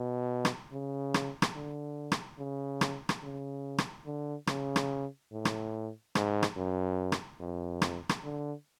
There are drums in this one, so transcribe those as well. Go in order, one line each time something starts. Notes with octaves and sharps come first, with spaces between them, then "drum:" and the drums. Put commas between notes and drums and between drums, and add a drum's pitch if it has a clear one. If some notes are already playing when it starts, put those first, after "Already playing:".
Already playing: B2
drum: rim click
C#3
drum: rim click
drum: rim click
D3
drum: rim click
C#3
drum: rim click
drum: rim click
C#3
drum: rim click
D3
C#3, drum: rim click
drum: rim click
A2
drum: rim click
G#2, drum: rim click
drum: rim click
F#2
drum: rim click
F2
drum: rim click
drum: rim click
D3